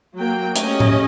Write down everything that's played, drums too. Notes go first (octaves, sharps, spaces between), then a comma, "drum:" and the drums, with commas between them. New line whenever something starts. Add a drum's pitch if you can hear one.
F#3 A#3 G5
A3 C#4 G4 D#5, drum: hi-hat
drum: tom